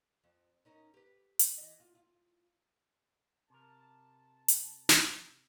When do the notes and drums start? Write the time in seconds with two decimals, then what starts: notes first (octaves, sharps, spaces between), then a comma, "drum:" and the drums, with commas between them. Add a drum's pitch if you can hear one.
0.24 F2
0.65 C#4 D#4 A#4
0.94 G4 B4
1.39 drum: hi-hat
1.58 E3 D#5
1.80 F4
1.95 F4
3.50 C3 A#4 A5
4.48 drum: hi-hat
4.89 drum: snare